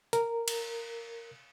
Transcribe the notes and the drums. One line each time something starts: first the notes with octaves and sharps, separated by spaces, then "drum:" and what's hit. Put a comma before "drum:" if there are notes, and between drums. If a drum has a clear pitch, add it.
A#4, drum: hi-hat
drum: cymbal